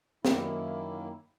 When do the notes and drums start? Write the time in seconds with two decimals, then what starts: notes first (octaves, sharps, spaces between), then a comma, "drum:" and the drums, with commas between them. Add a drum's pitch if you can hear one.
0.25 F#2 D#3 A#3 E4, drum: snare